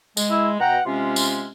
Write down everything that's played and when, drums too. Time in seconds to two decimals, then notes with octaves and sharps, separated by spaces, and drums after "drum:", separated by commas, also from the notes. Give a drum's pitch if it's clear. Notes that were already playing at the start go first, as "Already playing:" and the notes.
0.17 G#3, drum: tambourine
0.30 E4
0.60 B2 F#5 G5 A#5
0.86 C3 G#3 C#4 F4
1.16 drum: tambourine